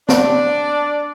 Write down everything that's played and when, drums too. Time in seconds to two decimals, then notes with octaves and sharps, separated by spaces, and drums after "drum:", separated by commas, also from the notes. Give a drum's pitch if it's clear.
0.09 D4 D5, drum: snare